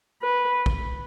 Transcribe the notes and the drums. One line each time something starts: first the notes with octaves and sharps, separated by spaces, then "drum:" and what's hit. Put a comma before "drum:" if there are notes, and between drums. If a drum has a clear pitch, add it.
B4
drum: kick